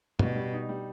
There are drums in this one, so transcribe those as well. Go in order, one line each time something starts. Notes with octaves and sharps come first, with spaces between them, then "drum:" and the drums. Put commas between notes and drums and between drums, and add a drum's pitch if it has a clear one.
B2 G3, drum: tom
G3
D#4
G3